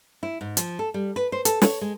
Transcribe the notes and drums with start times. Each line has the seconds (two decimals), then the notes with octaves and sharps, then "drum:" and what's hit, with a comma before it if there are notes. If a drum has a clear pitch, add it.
0.23 E4
0.41 G#2
0.57 F3, drum: hi-hat
0.79 A4
0.94 G3
1.16 B4
1.32 C5
1.45 A4, drum: hi-hat
1.62 C#5, drum: snare
1.81 G#3